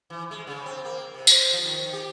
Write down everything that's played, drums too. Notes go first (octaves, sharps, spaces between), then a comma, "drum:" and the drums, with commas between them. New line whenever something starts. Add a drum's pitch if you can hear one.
E3
G#3
C#3
C4
A#3
C3
C5, drum: tambourine
F3
D#3
G4